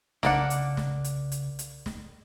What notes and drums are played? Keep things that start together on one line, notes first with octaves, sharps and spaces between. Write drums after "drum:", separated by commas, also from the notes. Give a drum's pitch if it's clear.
B1 C#3 A#3 D4 F#5, drum: snare
drum: hi-hat
drum: snare
drum: hi-hat
drum: hi-hat
drum: hi-hat
drum: snare